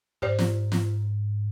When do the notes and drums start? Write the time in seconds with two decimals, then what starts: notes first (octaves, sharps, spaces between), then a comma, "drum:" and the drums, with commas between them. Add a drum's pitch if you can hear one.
0.22 G#2 G4 C5 D5
0.39 drum: snare
0.72 drum: snare